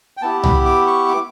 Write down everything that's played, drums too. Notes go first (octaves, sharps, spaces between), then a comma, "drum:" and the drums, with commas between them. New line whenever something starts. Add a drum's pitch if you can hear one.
G5
B3 E4 G4 A5
B5, drum: tom C2
D6
C#6
D6